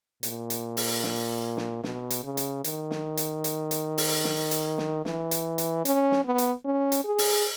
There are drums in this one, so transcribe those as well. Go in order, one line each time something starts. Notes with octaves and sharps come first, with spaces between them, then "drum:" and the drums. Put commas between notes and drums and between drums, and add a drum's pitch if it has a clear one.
A#2, drum: hi-hat
drum: hi-hat
drum: open hi-hat
drum: snare
drum: snare
B2, drum: snare
drum: hi-hat
C#3
drum: hi-hat
D#3, drum: hi-hat
drum: snare
drum: hi-hat
drum: hi-hat
drum: hi-hat
drum: open hi-hat
drum: snare
drum: hi-hat
drum: snare
E3, drum: snare
drum: hi-hat
drum: hi-hat
C#4, drum: hi-hat
drum: snare
B3
drum: hi-hat
C#4
drum: hi-hat
G#4
drum: open hi-hat